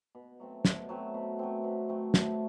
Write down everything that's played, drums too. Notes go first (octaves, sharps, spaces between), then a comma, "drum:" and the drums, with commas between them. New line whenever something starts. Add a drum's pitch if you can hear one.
B2
F#3 A3 C4
B2, drum: snare
F#3 A3 C4
B2
F#3 A3 C4
B2
F#3 A3 C4
A2, drum: snare